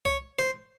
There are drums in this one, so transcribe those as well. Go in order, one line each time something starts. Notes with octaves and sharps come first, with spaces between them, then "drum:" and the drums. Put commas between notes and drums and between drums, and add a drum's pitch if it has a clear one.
C#5, drum: kick C2
C5, drum: snare